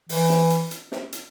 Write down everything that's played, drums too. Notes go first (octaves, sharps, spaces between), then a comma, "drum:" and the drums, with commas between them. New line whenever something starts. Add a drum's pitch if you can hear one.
E3, drum: open hi-hat
drum: snare
drum: hi-hat
drum: hi-hat
drum: snare
drum: hi-hat